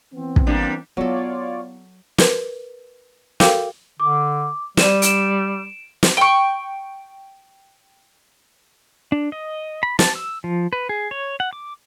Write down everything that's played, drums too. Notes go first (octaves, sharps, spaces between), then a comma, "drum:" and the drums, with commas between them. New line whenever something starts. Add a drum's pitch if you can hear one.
E3 B3 C4
drum: kick
G3 A#3 D4
F#3 B3 E4 F4 A4 C#5 D5
A#4 B4, drum: snare
F#4 A4 A#4 F5 G5 D6, drum: snare
D3 D6
G3 D5 D#7 E7, drum: snare
D7 E7, drum: hi-hat
drum: snare
G5 C#6
D4
D#5
B5
A5, drum: snare
E6
F3
B4
G#4
C#5
F#5
D6